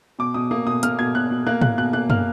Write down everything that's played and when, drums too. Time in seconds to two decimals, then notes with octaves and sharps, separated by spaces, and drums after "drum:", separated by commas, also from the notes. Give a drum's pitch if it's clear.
0.19 B2 D6
0.34 B2 D#6
0.51 A#3 D#6
0.66 B2 D#6
0.83 A#3 F6, drum: hi-hat
0.99 B2 G#6
1.15 B2 F#6
1.31 B2
1.47 A#3 F#6
1.61 A#3 F#6, drum: tom
1.78 B2 F#6
1.93 A#3 F#6
2.10 A#3 F6, drum: tom F#2